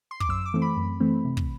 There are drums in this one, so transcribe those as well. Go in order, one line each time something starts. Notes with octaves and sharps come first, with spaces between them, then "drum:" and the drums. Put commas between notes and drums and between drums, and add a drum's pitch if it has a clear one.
C6
D6, drum: kick
F#2 E6
D6
E3 A3 C4
B5
F#2
E3 A3 C4
C3
drum: kick